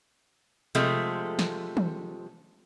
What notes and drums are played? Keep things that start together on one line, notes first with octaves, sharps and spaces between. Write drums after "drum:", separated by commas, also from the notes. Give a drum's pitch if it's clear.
C3 F3 G#3 A3, drum: hi-hat
drum: snare
drum: tom